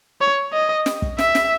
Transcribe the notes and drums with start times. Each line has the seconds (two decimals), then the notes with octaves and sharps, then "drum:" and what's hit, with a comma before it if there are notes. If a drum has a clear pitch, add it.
0.21 C#5
0.53 D#5
0.86 drum: snare
1.02 drum: kick
1.18 E5, drum: snare
1.35 drum: snare